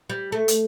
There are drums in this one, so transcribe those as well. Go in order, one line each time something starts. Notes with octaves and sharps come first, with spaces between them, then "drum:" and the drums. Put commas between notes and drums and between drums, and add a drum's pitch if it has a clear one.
G3
A3
drum: hi-hat